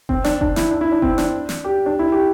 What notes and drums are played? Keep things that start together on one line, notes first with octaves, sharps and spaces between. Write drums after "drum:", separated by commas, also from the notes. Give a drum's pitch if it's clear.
C4, drum: kick F#1
D4, drum: snare
D4, drum: kick F#1
E4, drum: snare
D4
E4
D4
C4, drum: kick F#1
D4, drum: snare
drum: snare
G4
D4
E4
G4